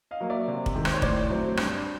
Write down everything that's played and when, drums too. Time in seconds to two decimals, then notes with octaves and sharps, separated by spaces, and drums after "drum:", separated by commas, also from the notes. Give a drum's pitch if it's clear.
0.11 D#5 F5
0.21 F#3 A#3
0.30 D5 E5
0.48 C3
0.66 drum: kick
0.75 D#3 G#3
0.85 C5, drum: rim click
0.94 C#5
1.02 A2 C5 D5, drum: kick
1.30 F#3 A3 C4
1.57 G2, drum: rim click